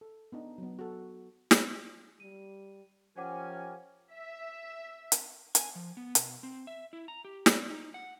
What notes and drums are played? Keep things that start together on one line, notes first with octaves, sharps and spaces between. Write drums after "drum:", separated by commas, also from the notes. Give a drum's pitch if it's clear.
A4
B3 D4 D#4
F#3 B3
F#4 A4
drum: snare
G3 D#7
F3 C#4 G4 A#4 C5 F#5 G#5 D6
E5
drum: hi-hat
G#5, drum: hi-hat
F3
B3
B2, drum: hi-hat
C4
E5
E4
A#5
G4
D5, drum: snare
D#4
F#5